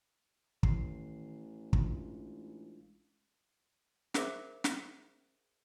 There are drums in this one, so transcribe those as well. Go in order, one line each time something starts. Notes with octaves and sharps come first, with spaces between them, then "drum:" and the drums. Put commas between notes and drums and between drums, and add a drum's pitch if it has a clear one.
A1 D#3 C7, drum: kick
G#3 D4 F4, drum: kick
G#4 A#4 C5 E5 D6, drum: snare
drum: snare